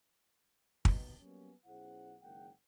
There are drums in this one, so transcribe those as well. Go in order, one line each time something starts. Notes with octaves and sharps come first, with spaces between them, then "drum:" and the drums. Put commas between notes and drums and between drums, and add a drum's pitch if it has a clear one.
D#2 B2 D#3, drum: kick
F#3 G3 A#3 B3 C#4
B1 C#4 E4 G#4 C5 F#5
F#1 D#3 G#3 A#3 F#5 G5